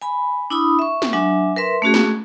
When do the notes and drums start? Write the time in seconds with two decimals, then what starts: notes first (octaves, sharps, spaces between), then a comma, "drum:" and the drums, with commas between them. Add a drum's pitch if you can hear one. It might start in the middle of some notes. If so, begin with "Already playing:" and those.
0.02 G#5 B5
0.50 D4 E4 B5 D#6
0.79 E5 C#6
1.02 drum: snare
1.13 F#3 D4 E5 G#5
1.56 A#4 B4 E5 C6
1.82 A3 C#4 F#4 G#4
1.94 drum: snare